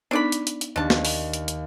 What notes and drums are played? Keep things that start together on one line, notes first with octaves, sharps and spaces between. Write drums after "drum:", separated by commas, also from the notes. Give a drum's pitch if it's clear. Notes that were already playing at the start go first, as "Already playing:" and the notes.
B3 D4 D#4 A4 D5 B5
drum: hi-hat
drum: hi-hat
drum: hi-hat
D#2 D4 A5
drum: snare
drum: open hi-hat
drum: hi-hat
drum: hi-hat